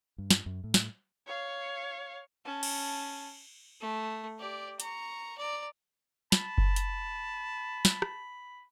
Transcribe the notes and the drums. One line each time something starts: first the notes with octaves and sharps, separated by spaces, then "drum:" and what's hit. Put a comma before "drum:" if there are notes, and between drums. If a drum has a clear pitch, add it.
G2
drum: snare
F#2
A2
drum: snare
C#5 F5
C#4 A5
drum: cymbal
A3
G4 D5
A#5 C#6, drum: hi-hat
D5 A#5
A5 B5, drum: snare
drum: kick F#1
drum: hi-hat
drum: snare
drum: rim click